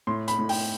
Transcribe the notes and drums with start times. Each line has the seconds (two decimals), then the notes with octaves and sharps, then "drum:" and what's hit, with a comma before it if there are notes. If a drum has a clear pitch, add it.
0.07 A2 C6
0.28 B5, drum: hi-hat
0.38 A2
0.49 G5, drum: open hi-hat